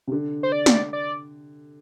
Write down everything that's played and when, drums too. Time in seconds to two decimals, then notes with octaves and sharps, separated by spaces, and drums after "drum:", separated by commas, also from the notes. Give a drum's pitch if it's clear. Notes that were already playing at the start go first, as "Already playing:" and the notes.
0.07 C3
0.12 D3
0.43 C5
0.52 D5
0.66 drum: snare
0.93 D5